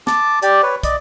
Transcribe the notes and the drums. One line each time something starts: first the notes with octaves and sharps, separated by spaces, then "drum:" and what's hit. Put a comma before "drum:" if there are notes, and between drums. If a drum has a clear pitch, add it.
A5 D6, drum: snare
G4 D5, drum: hi-hat
B4 C#5
D5 D#5, drum: kick, hi-hat